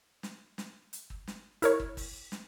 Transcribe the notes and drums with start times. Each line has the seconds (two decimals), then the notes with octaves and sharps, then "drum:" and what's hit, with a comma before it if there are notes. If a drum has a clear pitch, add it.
0.23 drum: snare
0.58 drum: snare
0.93 drum: hi-hat
1.10 drum: kick
1.27 drum: snare
1.62 E4 A#4 C#5, drum: hi-hat
1.80 drum: kick
1.97 drum: kick, open hi-hat
2.32 drum: snare